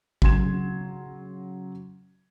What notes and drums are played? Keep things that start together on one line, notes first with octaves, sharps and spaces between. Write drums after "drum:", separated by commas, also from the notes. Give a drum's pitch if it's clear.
C#3 F#3 C6 G#6 E7, drum: kick G#1